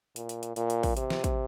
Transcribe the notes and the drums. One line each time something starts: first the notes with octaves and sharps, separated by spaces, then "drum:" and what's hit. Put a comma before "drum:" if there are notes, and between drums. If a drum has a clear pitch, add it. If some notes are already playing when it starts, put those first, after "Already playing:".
A#2, drum: hi-hat
drum: hi-hat
drum: hi-hat
A#2, drum: hi-hat
drum: hi-hat
drum: kick, open hi-hat
C3, drum: hi-hat
drum: snare
drum: kick, hi-hat